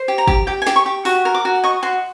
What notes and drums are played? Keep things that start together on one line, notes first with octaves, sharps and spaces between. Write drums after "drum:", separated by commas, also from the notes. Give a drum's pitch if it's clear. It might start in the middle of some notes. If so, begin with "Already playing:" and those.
Already playing: C5
G4
A#5
G4, drum: kick G1
G4 G5
G#5
G4, drum: snare
C#6
G4
F#4 C#6, drum: open hi-hat
A#4
D6
F#4
D#5 C#6
F#4 C6